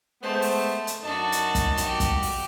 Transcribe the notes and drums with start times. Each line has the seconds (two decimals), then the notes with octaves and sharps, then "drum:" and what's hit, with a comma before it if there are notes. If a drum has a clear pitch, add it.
0.22 G#3 A3 B3 C5 A5
0.42 drum: open hi-hat
0.87 drum: hi-hat
1.03 F#2 D4 D#4 F#4 A5
1.32 drum: hi-hat
1.55 drum: kick, hi-hat
1.77 F#4 G4, drum: hi-hat
2.00 drum: kick, hi-hat
2.22 drum: open hi-hat